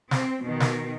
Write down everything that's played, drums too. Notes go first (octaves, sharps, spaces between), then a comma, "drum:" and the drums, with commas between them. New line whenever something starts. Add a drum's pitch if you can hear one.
C4, drum: snare
B2 D#3
drum: snare